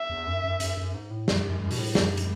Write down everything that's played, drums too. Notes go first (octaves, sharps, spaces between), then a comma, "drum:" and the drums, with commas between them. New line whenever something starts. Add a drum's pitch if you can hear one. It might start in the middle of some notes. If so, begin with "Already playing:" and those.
Already playing: E5
E2
F#2
F#2
F#2, drum: hi-hat
F#2
G#2
A2
F#2, drum: snare
F#2
F#2
B2, drum: open hi-hat
A2
F#2, drum: snare
drum: hi-hat